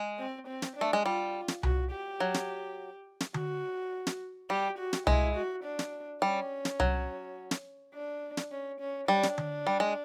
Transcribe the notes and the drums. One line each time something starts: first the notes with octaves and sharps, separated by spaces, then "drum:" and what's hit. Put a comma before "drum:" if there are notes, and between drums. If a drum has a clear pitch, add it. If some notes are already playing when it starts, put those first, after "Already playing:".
Already playing: G#3
C4
C4
drum: snare
A3 D4
G#3
G3 F4
drum: snare
F#4, drum: tom C2
G4
F#3
drum: snare
drum: snare
F#4, drum: tom D3
drum: snare
G3 G4
F#4
drum: snare
G#3 E4, drum: tom C2
F#4
D4
drum: snare
G3 C#4
drum: snare
F#3, drum: tom C2
drum: snare
D4
drum: snare
C#4
C#4
G3 D4
drum: snare
drum: tom D3
G3
G#3